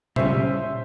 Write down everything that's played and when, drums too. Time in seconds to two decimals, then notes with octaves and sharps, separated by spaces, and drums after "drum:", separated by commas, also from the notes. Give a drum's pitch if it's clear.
0.16 C#2 C#3 G3 C#4 C5 E5, drum: tom A#2